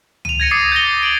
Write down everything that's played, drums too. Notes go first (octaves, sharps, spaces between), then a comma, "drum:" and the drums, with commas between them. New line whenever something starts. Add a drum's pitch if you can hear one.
D#7 F7, drum: tom C#2
G#6 A#6 C#7 D#7
D6 D#6 A6 C7 C#7
G6 G#6 A#6 G7
D7 F#7